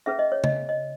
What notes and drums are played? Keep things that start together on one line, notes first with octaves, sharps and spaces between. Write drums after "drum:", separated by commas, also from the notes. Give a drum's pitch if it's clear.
C#4 G#4 B4 E5
D#5
C#5
D#5, drum: tom C#3
D#5